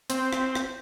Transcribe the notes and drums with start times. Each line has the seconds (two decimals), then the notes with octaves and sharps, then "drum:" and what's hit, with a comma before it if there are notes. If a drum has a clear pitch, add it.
0.10 C4, drum: hi-hat
0.33 drum: rim click
0.55 drum: rim click